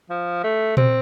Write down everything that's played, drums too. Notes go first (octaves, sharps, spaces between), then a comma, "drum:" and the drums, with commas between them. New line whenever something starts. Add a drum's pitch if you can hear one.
F3
A3
C4, drum: tom A#2